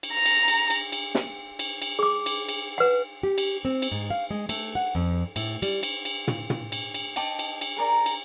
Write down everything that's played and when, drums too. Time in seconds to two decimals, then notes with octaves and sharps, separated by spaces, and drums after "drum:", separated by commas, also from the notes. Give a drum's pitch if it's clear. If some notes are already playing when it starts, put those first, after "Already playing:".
0.03 drum: cymbal
0.13 A#5
0.26 drum: cymbal
0.48 drum: cymbal
0.70 drum: cymbal
0.92 drum: cymbal
1.15 drum: snare
1.59 drum: cymbal
1.82 drum: cymbal
1.99 G#4 D6
2.26 drum: cymbal
2.48 drum: cymbal
2.78 B4 F#5
3.23 G4
3.38 drum: cymbal
3.65 C4
3.82 drum: cymbal
3.92 G#2
4.10 F5
4.31 G#3
4.49 A3, drum: cymbal
4.75 F#5
4.95 F2
5.36 A2, drum: cymbal
5.62 G3, drum: cymbal
5.83 drum: cymbal
6.05 drum: cymbal
6.28 drum: tom
6.50 drum: tom
6.72 drum: cymbal
6.94 drum: cymbal
7.16 D#5 G5 A5 D6, drum: cymbal
7.39 drum: cymbal
7.61 drum: cymbal
7.77 G#4 A#4 D5 A#5
8.06 drum: cymbal